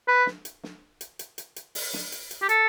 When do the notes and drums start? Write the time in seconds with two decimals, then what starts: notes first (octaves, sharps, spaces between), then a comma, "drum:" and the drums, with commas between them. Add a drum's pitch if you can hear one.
0.08 B4
0.26 drum: snare
0.45 drum: hi-hat
0.63 drum: snare
1.01 drum: hi-hat
1.19 drum: hi-hat
1.38 drum: hi-hat
1.56 drum: hi-hat
1.75 drum: open hi-hat
1.94 drum: snare
2.12 drum: hi-hat
2.31 drum: hi-hat
2.42 G4
2.49 A4, drum: hi-hat